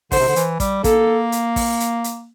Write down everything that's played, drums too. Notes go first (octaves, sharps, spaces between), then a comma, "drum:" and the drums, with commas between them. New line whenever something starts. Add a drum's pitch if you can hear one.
D3 C5, drum: kick, open hi-hat
C3
D3
E3, drum: hi-hat
G3, drum: kick, hi-hat
A#3 A4, drum: kick, hi-hat
drum: hi-hat
drum: kick, open hi-hat
drum: hi-hat
drum: hi-hat